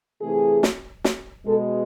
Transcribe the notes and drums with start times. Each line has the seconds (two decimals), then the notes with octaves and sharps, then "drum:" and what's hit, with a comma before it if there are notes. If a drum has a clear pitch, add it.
0.22 C3 E3 A3 G#4
0.63 drum: snare
1.04 drum: snare
1.46 B2 G#3 A4